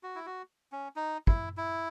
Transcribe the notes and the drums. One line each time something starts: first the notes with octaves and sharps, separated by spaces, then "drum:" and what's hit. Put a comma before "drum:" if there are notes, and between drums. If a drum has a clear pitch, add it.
F#4
E4
F#4
C#4
D#4
E4, drum: kick
E4